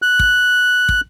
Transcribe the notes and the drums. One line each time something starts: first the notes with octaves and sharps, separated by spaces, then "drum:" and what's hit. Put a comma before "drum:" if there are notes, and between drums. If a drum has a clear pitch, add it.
F#6
drum: kick
drum: kick